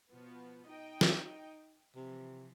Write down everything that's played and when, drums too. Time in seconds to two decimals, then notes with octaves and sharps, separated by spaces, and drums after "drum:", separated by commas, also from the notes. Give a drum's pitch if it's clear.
0.11 B2 F3 B3
0.67 D#4 D#5 G5
1.01 drum: snare
1.96 C3 E3 F3